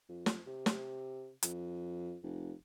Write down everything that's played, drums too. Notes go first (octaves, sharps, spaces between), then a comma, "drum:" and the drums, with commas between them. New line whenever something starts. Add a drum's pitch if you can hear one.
F2
drum: snare
C3
drum: snare
F2, drum: hi-hat
F1